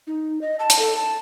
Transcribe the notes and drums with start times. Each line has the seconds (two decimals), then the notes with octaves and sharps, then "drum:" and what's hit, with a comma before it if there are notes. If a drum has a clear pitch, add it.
0.07 D#4
0.41 D#5
0.59 A5
0.70 drum: hi-hat
0.79 A4
0.97 A5